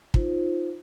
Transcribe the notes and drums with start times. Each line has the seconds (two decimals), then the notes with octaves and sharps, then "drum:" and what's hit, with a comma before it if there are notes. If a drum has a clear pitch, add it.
0.14 D#4 F4 C5, drum: kick